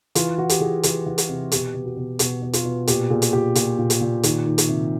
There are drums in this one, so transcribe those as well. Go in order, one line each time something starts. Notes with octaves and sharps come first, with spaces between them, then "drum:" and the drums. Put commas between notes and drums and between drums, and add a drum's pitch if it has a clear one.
E3 F4, drum: hi-hat
E3 F#4
G4, drum: hi-hat
E3 G#4
E3 G4, drum: hi-hat
E3
drum: hi-hat
C3
B2 G4, drum: hi-hat
B2
F#4
B2
B2 F#4, drum: hi-hat
B2
F4, drum: hi-hat
B2
A#2 G4, drum: hi-hat
A#2 G#4
drum: hi-hat
A#2 G4
A#2, drum: hi-hat
A#2
drum: hi-hat
A#2
D#3, drum: hi-hat
D#3
drum: hi-hat
C3